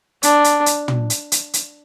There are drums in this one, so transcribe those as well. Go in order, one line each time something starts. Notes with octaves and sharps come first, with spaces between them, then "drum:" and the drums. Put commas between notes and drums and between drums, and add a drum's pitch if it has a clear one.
D4, drum: hi-hat
drum: hi-hat
drum: hi-hat
drum: tom
drum: hi-hat
drum: hi-hat
drum: hi-hat